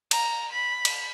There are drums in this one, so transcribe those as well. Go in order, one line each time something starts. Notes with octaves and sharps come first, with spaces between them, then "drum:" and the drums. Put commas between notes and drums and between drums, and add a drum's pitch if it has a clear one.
A#5, drum: cymbal
B5
drum: cymbal